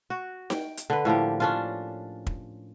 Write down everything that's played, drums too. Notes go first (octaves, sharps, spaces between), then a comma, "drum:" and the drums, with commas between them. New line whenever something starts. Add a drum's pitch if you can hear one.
F#4
G5, drum: snare D#4
drum: hi-hat
D3 B4
A2 F3 A#3 G4
C#4 D4 F4
drum: kick